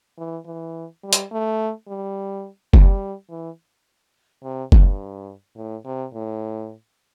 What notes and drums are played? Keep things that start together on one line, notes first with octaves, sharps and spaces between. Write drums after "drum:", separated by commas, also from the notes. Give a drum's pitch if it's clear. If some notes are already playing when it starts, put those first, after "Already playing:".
E3
E3
G3
drum: hi-hat
A3
G3
G3, drum: kick F#1
E3
C3
G2, drum: kick F#1
A2
C3
A2